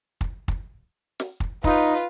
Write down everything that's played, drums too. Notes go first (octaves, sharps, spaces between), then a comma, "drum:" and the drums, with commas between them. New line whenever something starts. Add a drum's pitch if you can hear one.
drum: kick
drum: kick
drum: snare
drum: kick
D#4 F4 B4, drum: kick